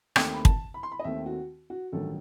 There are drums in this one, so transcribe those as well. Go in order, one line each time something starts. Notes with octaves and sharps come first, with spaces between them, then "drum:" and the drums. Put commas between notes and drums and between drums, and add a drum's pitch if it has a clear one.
D#2 D#3 A3 C4 G5, drum: rim click
B5
A5, drum: kick
B5
C6
B5
D#5
D#2 D#3 A3 C4 E5
F#4
F#4
A1 G2 D#3 F#3 A4